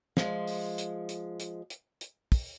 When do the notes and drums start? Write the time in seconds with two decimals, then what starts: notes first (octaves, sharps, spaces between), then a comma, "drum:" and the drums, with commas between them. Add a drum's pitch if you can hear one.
0.17 F3 G#3, drum: snare
0.47 drum: open hi-hat
0.78 drum: hi-hat
1.09 drum: hi-hat
1.40 drum: hi-hat
1.70 drum: hi-hat
2.01 drum: hi-hat
2.32 drum: kick, open hi-hat